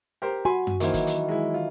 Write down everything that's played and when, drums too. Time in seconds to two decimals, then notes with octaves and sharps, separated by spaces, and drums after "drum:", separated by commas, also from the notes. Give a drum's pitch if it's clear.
0.22 G4 A#4 C5
0.45 F#4 G#5 B5 C6
0.67 drum: tom F#2
0.80 D#3 E3 F#3 A#3 C5, drum: hi-hat
0.94 drum: kick G1, hi-hat
1.07 drum: hi-hat
1.28 G#3 E4
1.54 F4